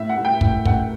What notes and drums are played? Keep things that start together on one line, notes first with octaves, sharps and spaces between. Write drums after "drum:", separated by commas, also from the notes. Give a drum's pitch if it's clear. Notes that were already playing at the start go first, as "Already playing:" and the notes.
Already playing: A2 E5
F#5
A2
G5
A2, drum: kick
A3 F#5, drum: kick